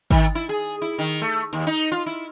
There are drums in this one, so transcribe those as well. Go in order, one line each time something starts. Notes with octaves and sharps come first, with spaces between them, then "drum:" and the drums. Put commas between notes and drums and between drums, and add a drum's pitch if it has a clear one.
D#3, drum: kick
E4
G#4
E4
D#3
A3
D#2
D#4
F4
E4